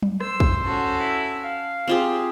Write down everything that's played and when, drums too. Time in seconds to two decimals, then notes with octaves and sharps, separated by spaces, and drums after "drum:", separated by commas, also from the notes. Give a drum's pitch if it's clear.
0.02 drum: tom F#3
0.21 C5 E6, drum: rim click
0.40 drum: kick
0.64 C#4 F#4 A4
1.00 E4
1.44 F5
1.87 C4 F4 G4 G#4